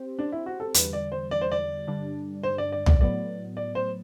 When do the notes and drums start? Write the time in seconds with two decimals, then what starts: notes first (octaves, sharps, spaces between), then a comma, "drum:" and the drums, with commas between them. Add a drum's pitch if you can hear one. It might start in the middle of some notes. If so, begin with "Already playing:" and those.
Already playing: C4 G4 C5
0.19 D4
0.32 E4
0.46 F#4
0.60 A4
0.74 E2 D3 G3 B4, drum: hi-hat
0.93 D5
1.12 C5
1.31 D5
1.41 C5
1.52 D5
1.87 G2 D3 G3 D4
2.43 C5
2.58 D5
2.72 D5
2.86 D5, drum: tom B1
3.00 A2 F#3 B3 D5
3.57 D5
3.75 C5